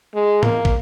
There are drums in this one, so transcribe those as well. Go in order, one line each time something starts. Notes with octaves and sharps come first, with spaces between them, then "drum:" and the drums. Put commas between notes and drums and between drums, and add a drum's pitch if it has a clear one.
G#3
A#3, drum: tom G#2
drum: kick